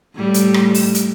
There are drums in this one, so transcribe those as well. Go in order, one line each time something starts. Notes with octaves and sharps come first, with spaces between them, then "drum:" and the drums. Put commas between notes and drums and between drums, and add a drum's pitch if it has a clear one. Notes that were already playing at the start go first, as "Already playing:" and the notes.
A2 G3
drum: hi-hat
drum: rim click
drum: open hi-hat
drum: hi-hat